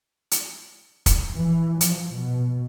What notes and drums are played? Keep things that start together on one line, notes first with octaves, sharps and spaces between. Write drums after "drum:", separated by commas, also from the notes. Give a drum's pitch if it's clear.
drum: hi-hat
drum: kick, hi-hat
E3
F3, drum: hi-hat
B2